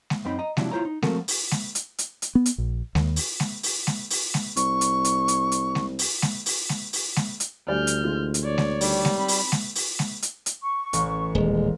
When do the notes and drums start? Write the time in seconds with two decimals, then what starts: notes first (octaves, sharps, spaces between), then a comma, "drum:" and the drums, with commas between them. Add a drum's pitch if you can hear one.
0.10 drum: snare G#3
0.25 F#2 C4 D#4 B5
0.39 D#5 A#5
0.57 C3 F3 F#3 D4 E4, drum: snare G#3
0.71 E4 F4 A4 C5 C#5 A#5
0.85 D#4
1.02 F3 A3 C4 F#4 A4 A#4, drum: snare G#3
1.28 drum: open hi-hat
1.51 drum: snare G#3
1.75 drum: hi-hat
1.98 drum: hi-hat
2.22 drum: hi-hat
2.35 B3
2.46 drum: hi-hat
2.58 A#1
2.95 D#2, drum: snare G#3
3.16 drum: open hi-hat
3.40 drum: snare G#3
3.63 drum: open hi-hat
3.87 drum: snare G#3
4.10 drum: open hi-hat
4.34 drum: snare G#3
4.56 C2 C#6, drum: hi-hat
4.81 drum: hi-hat
5.05 drum: hi-hat
5.28 drum: hi-hat
5.52 drum: hi-hat
5.75 drum: snare G#3
5.99 drum: open hi-hat
6.22 drum: snare G#3
6.46 drum: open hi-hat
6.69 drum: snare G#3
6.93 drum: open hi-hat
7.16 drum: snare G#3
7.40 drum: hi-hat
7.68 D2 G3 D5 G#5 F6 G6
7.87 drum: hi-hat
8.04 E3 G#3 F4
8.34 drum: hi-hat
8.44 C#5 D5
8.58 drum: snare G#3
8.81 D#3 G3, drum: open hi-hat
9.05 drum: snare G#3
9.16 C4 B5
9.28 drum: open hi-hat
9.52 drum: snare G#3
9.75 drum: open hi-hat
9.99 drum: snare G#3
10.22 drum: hi-hat
10.46 drum: hi-hat
10.62 C#6
10.93 A1, drum: hi-hat
11.35 D#1 G#3